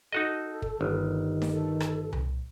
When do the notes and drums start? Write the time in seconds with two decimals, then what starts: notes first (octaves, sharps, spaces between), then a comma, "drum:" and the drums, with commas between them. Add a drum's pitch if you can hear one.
0.13 D#4 F#4 A4 D#5
0.62 drum: kick
0.81 G1 D#3
1.42 drum: snare D4
1.52 A4
1.80 drum: rim click
2.13 drum: tom C2